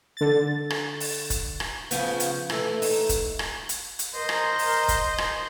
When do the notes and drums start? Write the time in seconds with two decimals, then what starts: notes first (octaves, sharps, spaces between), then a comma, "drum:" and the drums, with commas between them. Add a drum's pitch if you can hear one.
0.17 D3 A6
0.70 drum: rim click
1.00 drum: open hi-hat
1.30 drum: kick, hi-hat
1.60 drum: rim click
1.91 C#3 F3 B3, drum: hi-hat
2.20 drum: hi-hat
2.50 E3 A3, drum: rim click
2.82 D#4, drum: open hi-hat
3.09 drum: kick, hi-hat
3.39 drum: rim click
3.69 drum: hi-hat
3.99 drum: hi-hat
4.14 A#4 C5 D#5
4.29 drum: rim click
4.59 drum: open hi-hat
4.88 drum: kick, hi-hat
5.18 drum: rim click